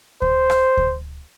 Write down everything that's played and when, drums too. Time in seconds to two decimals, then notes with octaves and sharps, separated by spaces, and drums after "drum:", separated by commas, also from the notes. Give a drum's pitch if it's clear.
0.22 C5, drum: kick D2
0.50 drum: rim click
0.77 drum: kick D2